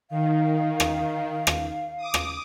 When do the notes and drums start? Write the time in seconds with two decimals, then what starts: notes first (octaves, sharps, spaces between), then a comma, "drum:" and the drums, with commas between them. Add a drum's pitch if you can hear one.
0.10 D#3 F5
0.80 drum: rim click
1.47 drum: rim click
1.97 D6 D#6
2.14 drum: rim click